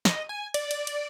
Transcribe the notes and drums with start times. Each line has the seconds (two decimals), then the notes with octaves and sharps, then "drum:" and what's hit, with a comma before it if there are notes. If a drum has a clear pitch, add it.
0.05 D#5, drum: snare
0.29 G#5
0.54 D5, drum: cymbal
0.71 drum: cymbal
0.87 drum: cymbal